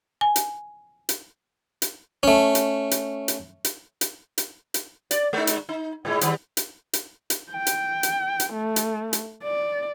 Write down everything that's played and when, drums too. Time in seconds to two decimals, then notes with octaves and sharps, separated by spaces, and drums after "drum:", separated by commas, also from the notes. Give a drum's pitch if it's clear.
0.21 G#5
0.36 drum: hi-hat
1.09 drum: hi-hat
1.82 drum: hi-hat
2.23 A3 C#4
2.55 drum: hi-hat
2.91 drum: hi-hat
3.28 drum: hi-hat
3.65 drum: hi-hat
4.01 drum: hi-hat
4.38 drum: hi-hat
4.74 drum: hi-hat
5.11 D5, drum: hi-hat
5.33 G#3 D#4
5.47 drum: hi-hat
5.69 D#4
6.05 A2 G#3 E4
6.21 D#3 G3, drum: hi-hat
6.57 drum: hi-hat
6.93 drum: hi-hat
7.30 drum: hi-hat
7.52 G5
7.67 drum: hi-hat
8.03 drum: hi-hat
8.40 drum: hi-hat
8.53 A3
8.76 drum: hi-hat
9.13 drum: hi-hat
9.43 D5